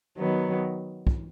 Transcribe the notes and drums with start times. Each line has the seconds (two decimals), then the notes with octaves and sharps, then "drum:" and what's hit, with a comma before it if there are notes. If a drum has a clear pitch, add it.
0.17 D#3 F#3 B3
1.07 drum: kick